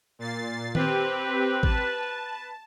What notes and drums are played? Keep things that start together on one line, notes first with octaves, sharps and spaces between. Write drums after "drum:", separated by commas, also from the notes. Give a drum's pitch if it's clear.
A#2 A6 C7
C4 G4 B4, drum: tom D#3
A5, drum: kick